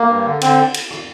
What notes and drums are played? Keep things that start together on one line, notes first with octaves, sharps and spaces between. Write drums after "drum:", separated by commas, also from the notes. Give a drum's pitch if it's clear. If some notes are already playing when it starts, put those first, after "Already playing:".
Already playing: A#3
G2
D3
D3 C4, drum: cymbal
drum: cymbal
drum: rim click